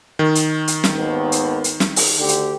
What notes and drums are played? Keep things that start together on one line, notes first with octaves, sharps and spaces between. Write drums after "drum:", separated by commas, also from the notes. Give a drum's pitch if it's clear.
D#3
drum: hi-hat
drum: hi-hat
drum: snare
G#1 D#2 B3
drum: hi-hat
drum: hi-hat
drum: snare
drum: open hi-hat
D2 D3 G4
drum: hi-hat